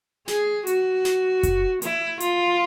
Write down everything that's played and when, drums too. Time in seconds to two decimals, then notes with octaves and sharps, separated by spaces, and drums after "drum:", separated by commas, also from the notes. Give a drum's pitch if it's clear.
0.28 G#4, drum: snare
0.67 F#4, drum: hi-hat
1.05 drum: snare
1.43 drum: kick F#1, hi-hat
1.82 E4, drum: hi-hat
2.20 F4, drum: hi-hat